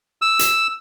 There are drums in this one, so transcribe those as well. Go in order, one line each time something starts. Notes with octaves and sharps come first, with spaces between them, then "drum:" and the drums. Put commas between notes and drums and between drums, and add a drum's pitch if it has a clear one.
E6
drum: hi-hat